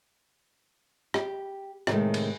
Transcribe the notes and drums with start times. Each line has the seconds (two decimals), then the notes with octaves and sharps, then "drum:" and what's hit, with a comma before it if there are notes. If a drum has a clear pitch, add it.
1.14 G4, drum: rim click
1.87 A2 C3 D#3 F#3 G#3 A3, drum: rim click
2.14 drum: cymbal